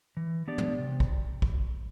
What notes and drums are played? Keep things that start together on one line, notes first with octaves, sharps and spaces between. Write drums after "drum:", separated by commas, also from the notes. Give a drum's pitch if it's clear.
E3
B3 D4 G4 D5
drum: tom
C3
drum: kick
drum: kick